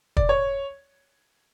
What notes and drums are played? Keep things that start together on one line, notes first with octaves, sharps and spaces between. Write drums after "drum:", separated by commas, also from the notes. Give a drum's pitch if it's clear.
D5, drum: kick
C#5